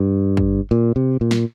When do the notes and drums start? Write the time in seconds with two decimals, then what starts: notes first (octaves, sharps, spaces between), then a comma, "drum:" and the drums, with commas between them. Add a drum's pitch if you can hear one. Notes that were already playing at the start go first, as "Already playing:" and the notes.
Already playing: G2
0.37 drum: kick
0.71 A#2
0.96 C3
1.21 A#2
1.31 drum: snare